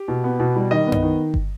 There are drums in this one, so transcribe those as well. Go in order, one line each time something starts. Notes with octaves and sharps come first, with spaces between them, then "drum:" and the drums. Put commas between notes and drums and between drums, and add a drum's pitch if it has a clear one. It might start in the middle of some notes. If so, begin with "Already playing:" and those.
Already playing: G4
B2
B3
B2
G3
D#3 D#5
B3
D#5, drum: tom F#2
D#3
drum: kick G1